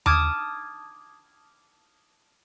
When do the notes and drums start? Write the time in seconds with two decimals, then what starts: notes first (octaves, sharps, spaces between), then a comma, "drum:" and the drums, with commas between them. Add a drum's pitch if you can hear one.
0.06 A5 D6 D#6 F6 G#6, drum: tom D#2